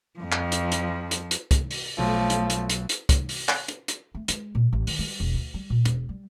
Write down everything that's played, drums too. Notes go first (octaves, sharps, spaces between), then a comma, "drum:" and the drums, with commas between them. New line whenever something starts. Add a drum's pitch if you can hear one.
F2 F3
drum: clap
drum: hi-hat
drum: hi-hat
drum: hi-hat
drum: hi-hat
drum: kick, hi-hat
drum: open hi-hat
B1 F3 A3 D#7
drum: hi-hat
drum: hi-hat
drum: hi-hat
drum: hi-hat
drum: kick, hi-hat
drum: open hi-hat
drum: clap
drum: hi-hat
drum: hi-hat
A3
G#3, drum: hi-hat
A#2
A1
D#3, drum: open hi-hat
G3
E1
D2
G3
A#2
E1, drum: hi-hat
G3